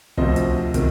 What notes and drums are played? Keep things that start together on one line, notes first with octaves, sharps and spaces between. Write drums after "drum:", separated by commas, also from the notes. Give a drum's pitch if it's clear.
D2 C3 F3 C5 D#5, drum: kick
drum: hi-hat
C3 D#3, drum: kick, hi-hat